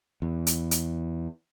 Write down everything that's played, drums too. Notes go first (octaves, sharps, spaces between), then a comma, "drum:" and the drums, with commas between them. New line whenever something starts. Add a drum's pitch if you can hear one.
E2
drum: hi-hat
drum: hi-hat